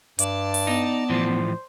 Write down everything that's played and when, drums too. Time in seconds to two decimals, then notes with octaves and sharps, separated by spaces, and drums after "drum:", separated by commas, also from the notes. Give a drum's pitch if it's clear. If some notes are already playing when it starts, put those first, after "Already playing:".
0.19 G2 D5 A5, drum: hi-hat
0.54 drum: open hi-hat
0.67 B3 D#4
1.10 A2 E3 F3 C5